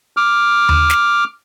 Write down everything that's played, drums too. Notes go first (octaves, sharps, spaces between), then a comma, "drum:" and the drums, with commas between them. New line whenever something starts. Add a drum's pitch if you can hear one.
D6 F6
drum: tom D#2
drum: snare